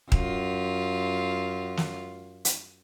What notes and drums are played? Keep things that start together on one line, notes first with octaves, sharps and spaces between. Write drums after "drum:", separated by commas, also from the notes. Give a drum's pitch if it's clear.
F#2 F4, drum: kick D#1
drum: snare
drum: hi-hat